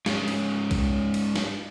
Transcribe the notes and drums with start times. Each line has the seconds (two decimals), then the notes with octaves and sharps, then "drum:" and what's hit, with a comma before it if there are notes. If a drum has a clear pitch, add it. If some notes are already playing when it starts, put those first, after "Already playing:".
0.06 G#2 C#4, drum: snare
0.28 drum: cymbal
0.71 drum: kick B1, cymbal
1.14 drum: cymbal
1.36 drum: snare